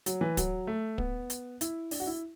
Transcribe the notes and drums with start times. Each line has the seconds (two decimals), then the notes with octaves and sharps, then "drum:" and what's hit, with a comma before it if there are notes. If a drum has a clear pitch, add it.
0.06 F#3, drum: hi-hat
0.21 E3
0.37 F#3, drum: kick, hi-hat
0.67 A3
0.98 B3, drum: kick
1.30 drum: hi-hat
1.61 E4, drum: hi-hat
1.91 D4, drum: open hi-hat
2.00 F#4
2.07 E4